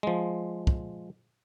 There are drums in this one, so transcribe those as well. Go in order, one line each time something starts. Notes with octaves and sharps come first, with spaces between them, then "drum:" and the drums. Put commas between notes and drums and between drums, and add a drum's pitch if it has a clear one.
F3 G#3
drum: kick